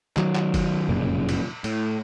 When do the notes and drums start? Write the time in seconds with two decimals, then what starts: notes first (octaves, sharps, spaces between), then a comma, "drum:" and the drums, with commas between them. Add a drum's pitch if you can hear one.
0.17 D#3 F#3, drum: clap
0.35 drum: clap
0.54 drum: kick, cymbal
0.89 F1 F#2 A#2 C#3
1.29 drum: cymbal
1.64 A2, drum: cymbal